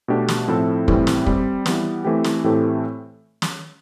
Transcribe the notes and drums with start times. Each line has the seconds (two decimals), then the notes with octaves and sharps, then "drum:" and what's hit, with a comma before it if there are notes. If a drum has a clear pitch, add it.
0.08 B2 A3 D4 G4
0.28 drum: snare
0.48 A2 F3 C4 E4 A4
0.88 A2 E3 G3 C4, drum: kick
1.07 drum: snare
1.26 G3 C4 G4, drum: kick
1.66 E3 G3 B3, drum: snare
2.05 E3 A3 C4 G4
2.24 drum: snare
2.44 A2 E3 A3 C4 G4
3.42 drum: snare